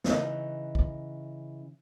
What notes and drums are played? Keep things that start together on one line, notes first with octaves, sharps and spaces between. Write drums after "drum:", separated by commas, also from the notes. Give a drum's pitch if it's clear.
C#3 E3 D#4 F#5, drum: snare
drum: kick